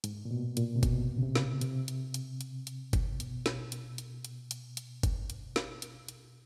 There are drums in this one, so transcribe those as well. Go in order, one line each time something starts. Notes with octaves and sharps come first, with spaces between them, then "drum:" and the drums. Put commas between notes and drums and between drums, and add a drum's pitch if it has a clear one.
G#2, drum: hi-hat
A#2
B2
A#2, drum: hi-hat
C3
B2, drum: kick, hi-hat
C#3
C3
drum: snare
C3, drum: hi-hat
drum: hi-hat
drum: hi-hat
drum: hi-hat
drum: hi-hat
drum: kick, hi-hat
B2, drum: hi-hat
drum: snare
drum: hi-hat
drum: hi-hat
drum: hi-hat
drum: hi-hat
drum: hi-hat
drum: kick, hi-hat
drum: hi-hat
drum: snare
drum: hi-hat
drum: hi-hat